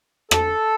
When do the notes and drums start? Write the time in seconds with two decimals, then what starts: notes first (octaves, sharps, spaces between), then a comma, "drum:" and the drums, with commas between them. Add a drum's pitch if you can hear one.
0.31 A4, drum: rim click